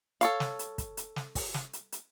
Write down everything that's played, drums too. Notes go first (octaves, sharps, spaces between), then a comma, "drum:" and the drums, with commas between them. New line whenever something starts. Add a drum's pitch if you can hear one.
A4 C#5 F5, drum: hi-hat
drum: snare
drum: hi-hat
drum: kick, hi-hat
drum: hi-hat
drum: snare
drum: kick, open hi-hat
drum: snare
drum: hi-hat
drum: hi-hat